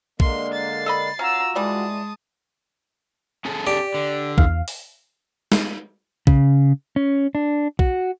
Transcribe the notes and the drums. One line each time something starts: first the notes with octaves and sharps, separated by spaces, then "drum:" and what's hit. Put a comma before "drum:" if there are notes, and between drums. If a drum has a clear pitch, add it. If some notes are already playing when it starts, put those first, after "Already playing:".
D3 G#3 A#3 C6, drum: kick
A6 C7
A4 D#5 B5
C#4 F4 F#4 A#5 E6
E3 G3 G#3 D5 A5 D#6
C#4 G#4 A4
G4 D5
D3
E2 F5, drum: kick
drum: open hi-hat
drum: snare
C#3, drum: kick
C#4
D4
F#4, drum: kick